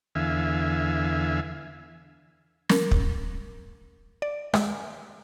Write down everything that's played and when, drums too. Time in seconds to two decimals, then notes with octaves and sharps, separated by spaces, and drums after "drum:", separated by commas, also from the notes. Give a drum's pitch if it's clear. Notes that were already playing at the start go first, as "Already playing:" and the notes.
0.15 E2 D3 E5 F5 G#5
2.69 A#4, drum: snare
2.91 drum: kick
4.22 D5
4.54 G#3, drum: rim click